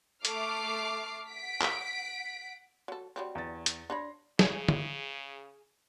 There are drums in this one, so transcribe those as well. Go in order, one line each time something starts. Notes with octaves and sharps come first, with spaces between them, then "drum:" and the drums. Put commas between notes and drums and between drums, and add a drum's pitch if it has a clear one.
A3 D6 F6 C7, drum: hi-hat
F#5 B6 D7
drum: clap
F#3 A4
F#3 G3 C4
E2 A6
drum: hi-hat
D4 C#5 B5 C6 A#6
C#3 G#4, drum: snare
drum: tom